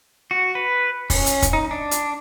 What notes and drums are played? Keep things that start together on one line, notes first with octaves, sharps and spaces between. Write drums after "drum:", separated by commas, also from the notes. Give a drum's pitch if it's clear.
F#4
B4
C#4, drum: kick, open hi-hat
drum: hi-hat
drum: kick, hi-hat
D#4
D4
drum: hi-hat